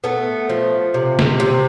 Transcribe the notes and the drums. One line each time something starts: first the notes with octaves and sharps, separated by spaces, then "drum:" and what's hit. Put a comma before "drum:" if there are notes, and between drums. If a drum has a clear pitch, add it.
A3 B3
F3
C3
drum: snare
C3